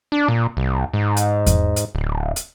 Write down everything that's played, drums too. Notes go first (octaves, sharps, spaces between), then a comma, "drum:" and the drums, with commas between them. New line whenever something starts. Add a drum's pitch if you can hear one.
D4
A#2
C2
G#2
drum: hi-hat
drum: kick E2, hi-hat
drum: hi-hat
D1
drum: hi-hat